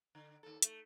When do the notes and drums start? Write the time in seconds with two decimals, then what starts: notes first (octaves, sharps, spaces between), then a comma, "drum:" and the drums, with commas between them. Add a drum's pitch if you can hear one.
0.15 D3
0.43 D#2 A4
0.62 A3, drum: hi-hat